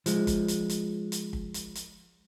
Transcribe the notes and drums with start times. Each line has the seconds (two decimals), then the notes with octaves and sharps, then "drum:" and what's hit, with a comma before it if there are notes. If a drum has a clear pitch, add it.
0.06 F3 G#3, drum: hi-hat
0.27 drum: kick, hi-hat
0.48 drum: hi-hat
0.69 drum: hi-hat
1.12 drum: hi-hat
1.33 drum: kick
1.54 drum: hi-hat
1.75 drum: hi-hat